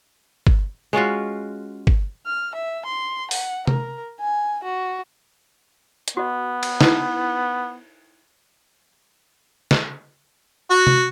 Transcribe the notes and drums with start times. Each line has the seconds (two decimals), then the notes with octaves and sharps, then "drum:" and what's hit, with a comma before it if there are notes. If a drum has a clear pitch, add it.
0.47 drum: kick
0.93 G#3 C#4 F4 F#4
1.87 drum: kick
2.26 F6
2.55 E5
2.85 C6
3.31 F#5, drum: open hi-hat
3.67 A#4, drum: tom C3
4.20 G#5
4.63 F#4
6.08 drum: hi-hat
6.17 B3 F#4 D#5
6.63 drum: cymbal
6.81 D#4 E4 B4, drum: snare
9.71 drum: snare
10.70 F#4
10.87 drum: tom C3